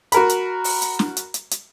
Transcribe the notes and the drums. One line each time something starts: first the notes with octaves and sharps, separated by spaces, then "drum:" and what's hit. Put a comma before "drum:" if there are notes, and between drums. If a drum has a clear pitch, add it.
F#4 A#4 B5, drum: hi-hat
drum: hi-hat
drum: open hi-hat
drum: hi-hat
drum: snare
drum: hi-hat
drum: hi-hat
drum: hi-hat